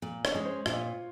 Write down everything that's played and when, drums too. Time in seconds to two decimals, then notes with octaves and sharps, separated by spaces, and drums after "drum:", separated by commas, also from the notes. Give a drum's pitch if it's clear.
0.02 A#2
0.25 C#5, drum: rim click
0.34 G#3 C#4
0.45 C5
0.66 A#2 F4, drum: rim click